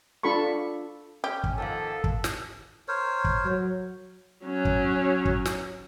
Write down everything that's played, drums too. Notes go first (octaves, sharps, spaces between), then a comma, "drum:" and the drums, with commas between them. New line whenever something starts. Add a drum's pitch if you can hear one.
D4 F4 A4 B5 C#6
C#4 G4
drum: kick
D#3 F3 A#3 A4 F5 F#5 A5
drum: kick
drum: snare
A#4 C5 C#5
drum: kick
F#3
F#3 C#4
drum: kick
drum: kick
drum: snare